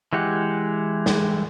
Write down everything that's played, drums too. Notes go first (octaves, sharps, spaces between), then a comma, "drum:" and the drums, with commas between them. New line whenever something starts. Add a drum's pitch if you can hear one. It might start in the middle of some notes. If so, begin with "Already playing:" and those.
E3 G#3 G4 F#5
drum: snare